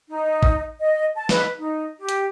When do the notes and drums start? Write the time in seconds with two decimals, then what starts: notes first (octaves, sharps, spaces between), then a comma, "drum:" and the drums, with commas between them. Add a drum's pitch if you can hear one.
0.09 D#4
0.43 drum: kick A1
0.79 D#5
1.15 A5
1.29 B4, drum: snare
1.57 D#4
1.99 G4
2.09 drum: hi-hat